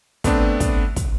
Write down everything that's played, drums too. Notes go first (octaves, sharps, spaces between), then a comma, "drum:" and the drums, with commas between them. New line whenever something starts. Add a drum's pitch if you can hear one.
A3 B3 C4 D4, drum: kick, hi-hat
drum: kick, hi-hat
drum: kick, hi-hat